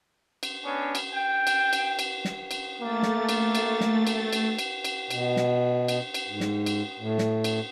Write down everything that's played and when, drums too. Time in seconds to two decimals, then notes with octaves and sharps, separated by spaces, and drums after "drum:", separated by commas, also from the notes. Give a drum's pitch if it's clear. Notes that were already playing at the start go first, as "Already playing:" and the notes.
0.43 drum: cymbal
0.65 B3 C#4 D4
0.95 drum: cymbal
1.13 G5
1.47 drum: cymbal
1.73 drum: cymbal
1.99 drum: cymbal
2.25 drum: snare
2.51 drum: cymbal
2.81 A3 A#3 A6
3.03 drum: snare
3.29 drum: cymbal
3.55 drum: cymbal
3.81 drum: snare
4.07 drum: cymbal
4.33 drum: cymbal
4.59 drum: cymbal
4.85 drum: cymbal
5.11 B2, drum: cymbal
5.36 drum: snare
5.88 drum: cymbal
6.14 drum: cymbal
6.29 G#2
6.40 drum: snare
6.66 drum: cymbal
7.00 A2
7.18 drum: snare
7.44 drum: cymbal